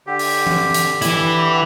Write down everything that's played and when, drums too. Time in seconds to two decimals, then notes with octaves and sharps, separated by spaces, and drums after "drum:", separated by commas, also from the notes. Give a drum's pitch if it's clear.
0.07 D3 G4
0.19 drum: open hi-hat
0.47 drum: tom E3
0.74 drum: hi-hat
1.02 E3 E4, drum: hi-hat